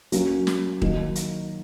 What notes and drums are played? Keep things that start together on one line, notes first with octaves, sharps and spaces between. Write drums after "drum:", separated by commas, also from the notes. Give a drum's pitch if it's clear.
F#3 A#3 C#4 F#4, drum: hi-hat
drum: snare
D#3 F#3 A#3 D#4, drum: kick D#1
drum: hi-hat